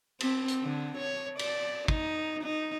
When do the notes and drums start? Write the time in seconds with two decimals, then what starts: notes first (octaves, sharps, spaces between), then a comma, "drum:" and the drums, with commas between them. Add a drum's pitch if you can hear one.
0.20 C4, drum: cymbal
0.48 drum: hi-hat
0.63 D3
0.98 C#5
1.39 D5, drum: cymbal
1.88 D#4, drum: kick
2.44 D#4